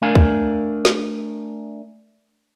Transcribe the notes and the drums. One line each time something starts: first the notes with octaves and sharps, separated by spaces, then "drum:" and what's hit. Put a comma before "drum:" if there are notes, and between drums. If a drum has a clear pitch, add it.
A3 D4 A#4 F5 G#5
drum: kick
drum: snare